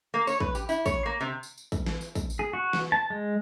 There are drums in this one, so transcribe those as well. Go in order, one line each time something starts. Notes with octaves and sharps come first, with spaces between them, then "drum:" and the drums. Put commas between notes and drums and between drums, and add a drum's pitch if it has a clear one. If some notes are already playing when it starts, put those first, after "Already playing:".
A#3
C#5, drum: tambourine
B4, drum: kick
G4, drum: tambourine
E4, drum: tambourine
C#5, drum: kick, tambourine
A#3
C3
drum: tambourine
drum: tambourine
drum: kick, tambourine
drum: snare
drum: tambourine
drum: kick, tambourine
drum: tambourine
G#4
F#4
drum: snare
A5
G#3